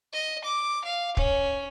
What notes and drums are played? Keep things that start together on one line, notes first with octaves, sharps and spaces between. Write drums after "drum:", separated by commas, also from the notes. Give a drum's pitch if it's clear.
D#5
D6
F5
C#4, drum: kick